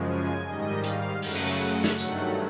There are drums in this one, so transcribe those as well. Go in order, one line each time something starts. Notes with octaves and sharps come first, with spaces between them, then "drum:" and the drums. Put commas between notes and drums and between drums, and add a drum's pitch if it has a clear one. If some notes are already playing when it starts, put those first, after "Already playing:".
Already playing: F#2 C#3 F3 G#3
G#5
G#2 D#3 G3 D#5
F5, drum: hi-hat
F#2 C#3 F#3 A3 F#5, drum: open hi-hat
drum: cymbal
drum: snare
G2 D#3 F#3 A3, drum: tambourine